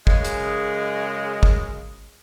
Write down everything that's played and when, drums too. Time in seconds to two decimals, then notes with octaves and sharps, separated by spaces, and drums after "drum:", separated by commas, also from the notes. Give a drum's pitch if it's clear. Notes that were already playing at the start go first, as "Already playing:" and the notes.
0.07 F#2 C#3 G#3, drum: kick
0.25 drum: hi-hat
1.43 drum: kick